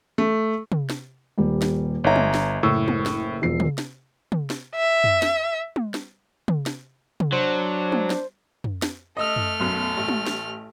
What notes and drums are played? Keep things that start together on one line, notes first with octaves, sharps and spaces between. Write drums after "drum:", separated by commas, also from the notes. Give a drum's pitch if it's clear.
A3
drum: tom
drum: snare
D#1 G3
drum: snare
G1 C#5 D#5 E5 A#5
drum: tom
drum: snare
F#1 A2 C#6 E6
drum: tom
drum: snare
E1 F3 C7
drum: tom
drum: snare
drum: tom
drum: snare
E5
drum: tom
drum: snare
drum: tom
drum: snare
drum: tom
drum: snare
drum: tom
F#3 D4 C5
drum: tom
drum: snare
drum: tom
drum: snare
A3 D#5 E6 F6
drum: tom
B1 F#2
A1
drum: tom
drum: snare